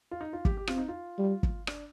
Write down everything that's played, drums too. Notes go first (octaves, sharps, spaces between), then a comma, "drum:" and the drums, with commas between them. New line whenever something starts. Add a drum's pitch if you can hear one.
F4
D#4
F4
G4, drum: kick
G4
C4 F4, drum: rim click
D#4
F4
G3
drum: kick
D4, drum: rim click